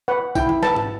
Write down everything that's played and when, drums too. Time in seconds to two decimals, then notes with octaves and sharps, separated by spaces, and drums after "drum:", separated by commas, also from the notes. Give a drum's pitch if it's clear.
0.08 B4 F#5
0.35 E4 G5, drum: kick, tambourine
0.49 drum: tom D3
0.63 B4 A5, drum: snare
0.76 drum: tom G#2